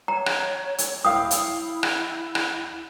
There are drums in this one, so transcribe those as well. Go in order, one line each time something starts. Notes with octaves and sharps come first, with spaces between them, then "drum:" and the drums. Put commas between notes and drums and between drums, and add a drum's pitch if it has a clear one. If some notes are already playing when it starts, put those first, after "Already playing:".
C#5 A#5
drum: rim click
drum: hi-hat
E4 F5 G5 D#6
drum: hi-hat
drum: rim click
drum: rim click